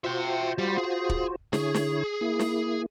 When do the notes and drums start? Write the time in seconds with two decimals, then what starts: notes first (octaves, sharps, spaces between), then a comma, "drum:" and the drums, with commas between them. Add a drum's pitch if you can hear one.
0.04 F4 F#4 C5 E5 G5
0.58 G3
0.78 G#4
1.09 drum: kick
1.53 D3 E4 G#4 C#5, drum: snare
1.74 drum: snare
2.21 A#3 E4
2.39 drum: snare